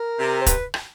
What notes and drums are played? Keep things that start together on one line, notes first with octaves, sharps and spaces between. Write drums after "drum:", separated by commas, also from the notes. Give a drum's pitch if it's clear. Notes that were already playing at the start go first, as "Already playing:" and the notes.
Already playing: A#4
C3
C5
B4, drum: kick, hi-hat
drum: rim click